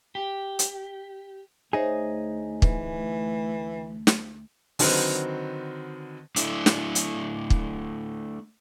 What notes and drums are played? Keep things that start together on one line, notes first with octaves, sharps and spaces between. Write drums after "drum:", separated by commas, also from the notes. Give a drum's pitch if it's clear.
G4
drum: hi-hat
D2 A3 D#4 G#4 C5 C#5 E5
E3, drum: kick
drum: snare
D3 D#3 F#3 C4 B4 C5, drum: open hi-hat
A3 D4 E4, drum: hi-hat
drum: snare
drum: hi-hat
drum: kick